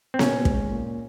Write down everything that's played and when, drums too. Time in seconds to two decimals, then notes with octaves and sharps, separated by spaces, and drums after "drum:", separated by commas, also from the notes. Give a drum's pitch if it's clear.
0.14 C4
0.19 A#2 C#4, drum: snare B3
0.45 G#3, drum: kick
0.71 A#2